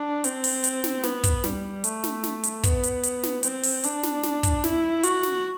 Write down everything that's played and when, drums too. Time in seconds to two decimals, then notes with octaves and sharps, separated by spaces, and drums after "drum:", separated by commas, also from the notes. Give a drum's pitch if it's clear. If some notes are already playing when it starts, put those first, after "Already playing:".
Already playing: D4
0.24 C4, drum: hi-hat
0.44 drum: open hi-hat
0.64 drum: hi-hat
0.84 drum: snare
1.03 B3, drum: snare
1.24 drum: kick, hi-hat
1.44 G3, drum: snare
1.84 A3, drum: hi-hat
2.04 drum: snare
2.23 drum: snare
2.43 drum: hi-hat
2.64 B3, drum: kick, hi-hat
2.83 drum: hi-hat
3.03 drum: hi-hat
3.23 drum: snare
3.43 C4, drum: hi-hat
3.63 drum: open hi-hat
3.84 D4, drum: hi-hat
4.03 drum: snare
4.23 drum: snare
4.43 drum: kick, hi-hat
4.64 E4, drum: snare
5.03 F#4, drum: hi-hat
5.23 drum: snare